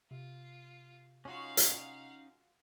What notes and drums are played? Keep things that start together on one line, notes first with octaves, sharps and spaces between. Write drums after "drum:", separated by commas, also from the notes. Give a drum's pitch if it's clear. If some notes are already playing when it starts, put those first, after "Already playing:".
C3 F4
G#3 C#4 D#4 F4 F#4 F5 F#5
drum: hi-hat